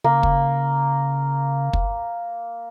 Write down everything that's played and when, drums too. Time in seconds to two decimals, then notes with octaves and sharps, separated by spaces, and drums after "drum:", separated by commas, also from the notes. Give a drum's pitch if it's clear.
0.04 C#3 A#3
0.23 drum: kick
1.73 drum: kick